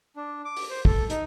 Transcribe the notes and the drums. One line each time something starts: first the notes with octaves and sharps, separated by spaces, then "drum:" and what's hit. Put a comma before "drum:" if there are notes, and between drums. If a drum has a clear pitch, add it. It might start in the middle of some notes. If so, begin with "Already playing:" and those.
D4
D6
drum: open hi-hat
C5
A4, drum: kick
D#4, drum: hi-hat